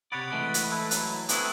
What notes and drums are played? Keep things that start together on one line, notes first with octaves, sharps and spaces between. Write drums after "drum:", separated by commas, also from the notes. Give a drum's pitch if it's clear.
C3 C#5 D5 F#5 B5 D#6
E3 G#3 A3
drum: hi-hat
E4 A4 B4
F#3, drum: hi-hat
A3 B3 C4 D4 E4 G#4, drum: hi-hat